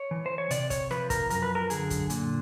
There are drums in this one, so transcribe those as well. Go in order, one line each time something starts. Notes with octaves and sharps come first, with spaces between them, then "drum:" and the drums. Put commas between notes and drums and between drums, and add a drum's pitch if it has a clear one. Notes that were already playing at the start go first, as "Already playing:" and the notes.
Already playing: C#5
E3
C5
C#5
C3 D5, drum: hi-hat
C#5, drum: kick, hi-hat
F3 B4, drum: rim click
A#4, drum: kick, hi-hat
F#2 A#4, drum: hi-hat
B4
A#4
D3 G#4, drum: hi-hat
drum: kick, hi-hat
A#2, drum: hi-hat